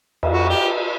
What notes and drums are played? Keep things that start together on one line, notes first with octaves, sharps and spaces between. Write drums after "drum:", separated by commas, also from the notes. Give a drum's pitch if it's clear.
E2, drum: cymbal
F2 F#4
G4